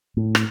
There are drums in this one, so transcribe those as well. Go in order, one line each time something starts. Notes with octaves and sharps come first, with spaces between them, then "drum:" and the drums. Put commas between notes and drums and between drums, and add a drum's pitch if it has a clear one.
A2
drum: rim click